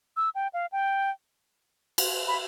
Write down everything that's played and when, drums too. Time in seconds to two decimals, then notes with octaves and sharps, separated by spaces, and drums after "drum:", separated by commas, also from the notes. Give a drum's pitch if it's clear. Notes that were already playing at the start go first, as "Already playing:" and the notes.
0.17 E6
0.35 G5
0.53 F5
0.72 G5
1.98 drum: cymbal
2.28 B5